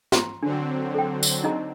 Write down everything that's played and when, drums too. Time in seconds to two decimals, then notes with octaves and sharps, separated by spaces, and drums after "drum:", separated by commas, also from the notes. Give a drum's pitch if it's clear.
0.12 A#5 C6, drum: snare
0.43 D3 F#3 C4 D4
0.95 A4 G5
1.23 drum: tambourine
1.44 D#4 D#5 A#5